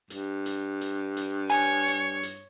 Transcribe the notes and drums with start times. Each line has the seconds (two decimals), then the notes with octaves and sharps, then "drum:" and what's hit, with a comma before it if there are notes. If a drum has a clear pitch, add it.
0.10 G2, drum: hi-hat
0.46 drum: hi-hat
0.81 drum: hi-hat
1.17 drum: hi-hat
1.50 C#5 G#5, drum: hi-hat
1.88 drum: hi-hat
2.23 drum: hi-hat